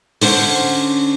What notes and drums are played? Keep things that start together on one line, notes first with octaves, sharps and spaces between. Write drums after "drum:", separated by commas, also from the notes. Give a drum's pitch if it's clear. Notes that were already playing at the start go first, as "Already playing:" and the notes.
D3 C#4 C5 F#5, drum: open hi-hat